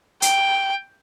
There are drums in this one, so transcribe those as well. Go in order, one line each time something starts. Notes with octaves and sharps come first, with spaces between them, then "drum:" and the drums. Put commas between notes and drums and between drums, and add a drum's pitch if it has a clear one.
G5, drum: hi-hat